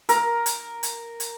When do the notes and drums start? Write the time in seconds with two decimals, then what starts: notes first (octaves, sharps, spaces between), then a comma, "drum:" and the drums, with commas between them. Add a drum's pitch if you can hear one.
0.09 A#4, drum: hi-hat
0.46 drum: hi-hat
0.83 drum: hi-hat
1.20 drum: hi-hat